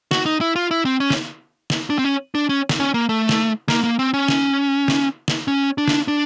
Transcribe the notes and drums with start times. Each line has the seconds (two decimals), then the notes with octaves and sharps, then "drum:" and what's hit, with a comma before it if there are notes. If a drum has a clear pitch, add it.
0.11 F#4, drum: snare
0.26 D#4
0.41 E4
0.56 F4
0.71 E4
0.85 C4
1.00 C#4
1.10 drum: snare
1.70 drum: snare
1.90 D4
1.99 C4
2.04 C#4
2.35 D4
2.49 C#4
2.69 drum: snare
2.80 C#4
2.94 A#3
3.09 A3
3.29 drum: snare
3.68 A#3, drum: snare
3.84 A#3
3.99 C4
4.14 C#4
4.28 drum: snare
4.88 drum: snare
5.28 drum: snare
5.48 C#4
5.78 D4
5.88 drum: snare
6.08 D4